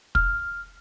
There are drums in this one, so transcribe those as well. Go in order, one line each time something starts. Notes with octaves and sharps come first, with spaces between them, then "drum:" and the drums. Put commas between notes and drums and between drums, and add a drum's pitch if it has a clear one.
F6, drum: kick